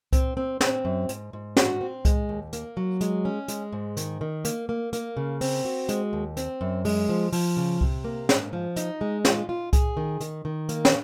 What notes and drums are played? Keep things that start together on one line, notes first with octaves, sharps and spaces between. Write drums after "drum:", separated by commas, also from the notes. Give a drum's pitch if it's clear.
C4, drum: kick C2, hi-hat
C4
C4, drum: snare
F#2
G#2, drum: hi-hat
G#2
F#4, drum: snare
C4
G#3, drum: kick C2, hi-hat
D#2
A#3, drum: hi-hat
F#3
G#3, drum: hi-hat
C#4
G#3, drum: hi-hat
G#2
D#3, drum: hi-hat
D#3
A#3, drum: hi-hat
A#3
A#3, drum: hi-hat
C#3
C4, drum: open hi-hat
F#4
G#3, drum: hi-hat
D#2
C4, drum: hi-hat
F#2
G#3, drum: open hi-hat
F3
F3, drum: open hi-hat
C#3
C3, drum: kick C2
A#3
G#2, drum: snare
F3
D#4, drum: hi-hat
G#3
F4, drum: snare
F4
G#4, drum: kick C2, hi-hat
D#3
D#3, drum: hi-hat
D#3
A#3, drum: hi-hat
drum: snare